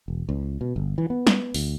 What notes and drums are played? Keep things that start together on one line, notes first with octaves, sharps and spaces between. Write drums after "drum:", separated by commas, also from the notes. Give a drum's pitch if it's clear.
E1
C#2
B2
G1
E3
B3
drum: snare
D2, drum: open hi-hat